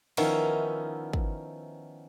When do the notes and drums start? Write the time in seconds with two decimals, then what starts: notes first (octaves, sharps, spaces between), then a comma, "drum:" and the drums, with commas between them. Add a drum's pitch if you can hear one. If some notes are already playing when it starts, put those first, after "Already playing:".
0.17 D#3 F3 B3 C#4 D#4 E4, drum: cymbal
1.13 drum: kick